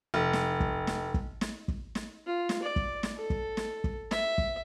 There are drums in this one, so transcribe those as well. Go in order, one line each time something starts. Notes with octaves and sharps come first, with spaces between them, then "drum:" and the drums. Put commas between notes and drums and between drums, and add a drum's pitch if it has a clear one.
F1
drum: snare
drum: kick
drum: snare
drum: kick
drum: snare
drum: kick
drum: snare
F4
drum: snare
D5
drum: kick
drum: snare
A4
drum: kick
drum: snare
drum: kick
E5, drum: snare
drum: kick